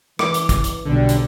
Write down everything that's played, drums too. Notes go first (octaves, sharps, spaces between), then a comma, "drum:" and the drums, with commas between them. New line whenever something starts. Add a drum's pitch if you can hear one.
E3 D6, drum: rim click
drum: hi-hat
drum: kick A1, hi-hat
drum: hi-hat
B1 D3 G3
drum: hi-hat